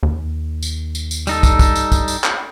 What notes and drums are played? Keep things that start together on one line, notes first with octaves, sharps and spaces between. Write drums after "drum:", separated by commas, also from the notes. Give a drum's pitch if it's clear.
D#2
drum: tambourine
drum: tambourine
drum: tambourine
G3 D#4 A4, drum: tambourine
drum: kick, tambourine
drum: kick, tambourine
drum: tambourine
drum: kick, tambourine
drum: tambourine
drum: clap